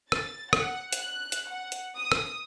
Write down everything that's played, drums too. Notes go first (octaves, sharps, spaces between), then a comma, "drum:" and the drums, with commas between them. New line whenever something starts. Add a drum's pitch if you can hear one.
A6, drum: rim click
F#5, drum: rim click
F#6, drum: hi-hat
drum: hi-hat
F#5
drum: hi-hat
D#6
drum: rim click